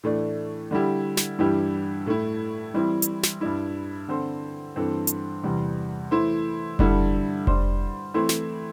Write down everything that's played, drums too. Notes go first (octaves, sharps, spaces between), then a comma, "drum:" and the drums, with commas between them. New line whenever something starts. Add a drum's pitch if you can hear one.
A2 E3 A3 D4
D3 G3 E4 G4
drum: snare
G2 E3 G3 E4 G4
A2 A3 E4
E3 G3 C4 E4
drum: hi-hat
drum: snare
G2 G3 E4
D3 C4 A4 C5
G2 E3 C4 A4 C5
drum: hi-hat
E2 C3 G3
E3 A3 E4 C5
G2 D3 G3 E4 A4, drum: kick F1
G3 D4 C5, drum: kick F1
E3 A3 C4 E4 C5
drum: snare